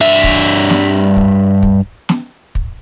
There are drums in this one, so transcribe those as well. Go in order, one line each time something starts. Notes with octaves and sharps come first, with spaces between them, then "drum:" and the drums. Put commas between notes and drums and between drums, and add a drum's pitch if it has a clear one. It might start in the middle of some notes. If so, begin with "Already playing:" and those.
G2 E5
drum: kick
drum: snare
drum: kick
drum: kick
drum: snare
drum: kick